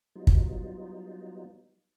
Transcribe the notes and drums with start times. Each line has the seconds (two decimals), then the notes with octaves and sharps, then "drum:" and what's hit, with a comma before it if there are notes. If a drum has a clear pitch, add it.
0.15 F#3 G3 B3 D#4 F4
0.27 drum: kick